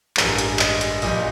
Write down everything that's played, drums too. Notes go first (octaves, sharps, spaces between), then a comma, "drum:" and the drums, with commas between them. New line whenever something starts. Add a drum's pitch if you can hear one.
A1 G2 E3 G#3 A#4, drum: clap
drum: hi-hat
D#5, drum: clap
drum: hi-hat
A#1 A#2 G3 D#5, drum: open hi-hat